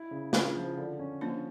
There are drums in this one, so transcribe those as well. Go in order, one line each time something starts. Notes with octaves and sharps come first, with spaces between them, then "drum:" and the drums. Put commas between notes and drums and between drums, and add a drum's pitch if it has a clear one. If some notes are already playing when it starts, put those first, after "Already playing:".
Already playing: E4
C#3
C#3 D4 F4, drum: snare
F3
D3
C#4
F3 A#3 D4